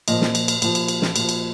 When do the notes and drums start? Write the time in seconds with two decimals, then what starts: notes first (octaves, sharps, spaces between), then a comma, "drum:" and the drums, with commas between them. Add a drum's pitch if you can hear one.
0.08 A#2 F3 D#5, drum: cymbal
0.21 drum: snare
0.35 drum: cymbal
0.48 drum: cymbal
0.62 A#2 F3, drum: cymbal
0.75 drum: cymbal
0.88 drum: cymbal
1.02 drum: snare
1.16 A#2 F3, drum: cymbal
1.29 drum: cymbal